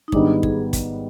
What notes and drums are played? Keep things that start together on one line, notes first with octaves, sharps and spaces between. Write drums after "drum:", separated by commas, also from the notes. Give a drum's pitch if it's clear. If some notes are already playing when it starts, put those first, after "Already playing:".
D#4
G#2 D#3 G3 B3 D4, drum: kick
D#4
G#4, drum: kick
drum: kick, hi-hat